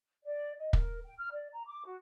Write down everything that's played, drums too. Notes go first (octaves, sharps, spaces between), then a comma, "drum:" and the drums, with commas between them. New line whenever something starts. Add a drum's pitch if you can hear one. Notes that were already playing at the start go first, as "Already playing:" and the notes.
D5
D#5
A#4, drum: kick
G5
F6
D5
A#5
D6
F#4